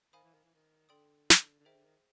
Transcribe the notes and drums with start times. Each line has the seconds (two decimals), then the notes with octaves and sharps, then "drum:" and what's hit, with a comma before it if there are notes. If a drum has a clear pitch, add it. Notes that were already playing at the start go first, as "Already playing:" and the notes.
0.13 D#3 C5 F5 G#5 B5 D#6
0.23 E3
0.34 D#3
0.44 E3
0.54 D#3
0.89 D3 A4 D5 G5 C6 D#6
1.30 drum: snare
1.59 D3
1.65 D#3 G#4 C5 E5 G5
1.75 D3
1.85 D#3